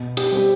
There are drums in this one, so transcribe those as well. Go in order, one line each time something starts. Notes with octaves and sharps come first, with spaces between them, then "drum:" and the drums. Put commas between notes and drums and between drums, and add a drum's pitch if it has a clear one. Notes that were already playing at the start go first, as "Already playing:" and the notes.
Already playing: B2
G4, drum: hi-hat
G3 C4 G4